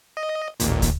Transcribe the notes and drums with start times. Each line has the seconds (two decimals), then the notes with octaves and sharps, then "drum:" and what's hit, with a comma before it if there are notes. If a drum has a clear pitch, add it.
0.17 D#5
0.60 A1 D#2 A#2, drum: hi-hat
0.82 drum: kick, hi-hat